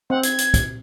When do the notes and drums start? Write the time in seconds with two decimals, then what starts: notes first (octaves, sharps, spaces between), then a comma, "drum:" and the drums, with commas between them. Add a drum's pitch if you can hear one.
0.10 C4 F#5
0.23 G#6, drum: hi-hat
0.39 drum: hi-hat
0.54 drum: kick, hi-hat